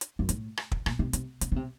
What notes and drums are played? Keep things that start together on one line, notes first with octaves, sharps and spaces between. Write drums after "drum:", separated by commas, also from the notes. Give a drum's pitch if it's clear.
drum: hi-hat
F#2
A2, drum: hi-hat
drum: rim click
drum: kick
A#2, drum: rim click
C3
C3, drum: hi-hat
C#3, drum: hi-hat
C#3
C3